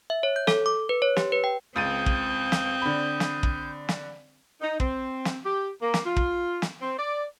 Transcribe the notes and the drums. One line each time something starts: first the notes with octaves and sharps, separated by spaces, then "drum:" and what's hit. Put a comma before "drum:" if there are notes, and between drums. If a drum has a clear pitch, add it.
E5
C#5
G6
A4, drum: snare
D6
B4
C#5
G4, drum: snare
B4
G5
C#2 C4 D#6 G6 A6 D#7
drum: kick
drum: snare
D3 B5
drum: snare
drum: kick
drum: snare
D#4
C4, drum: kick
drum: snare
G4
A#3
drum: snare
F4
drum: kick
drum: snare
C4
D5